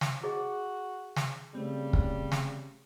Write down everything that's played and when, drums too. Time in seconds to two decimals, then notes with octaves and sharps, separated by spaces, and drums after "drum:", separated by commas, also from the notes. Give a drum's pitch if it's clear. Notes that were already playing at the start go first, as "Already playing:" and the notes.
0.01 drum: snare
0.24 F#4 G#4 D#5
1.16 drum: snare
1.55 C#3 G3 A3 C4
1.93 drum: kick
2.32 drum: snare